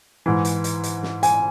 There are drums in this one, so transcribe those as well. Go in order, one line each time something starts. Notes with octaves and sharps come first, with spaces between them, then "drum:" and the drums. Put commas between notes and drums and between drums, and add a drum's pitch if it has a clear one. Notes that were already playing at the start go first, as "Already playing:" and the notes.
G#2 E3
drum: hi-hat
drum: hi-hat
drum: hi-hat
drum: snare
G#5, drum: hi-hat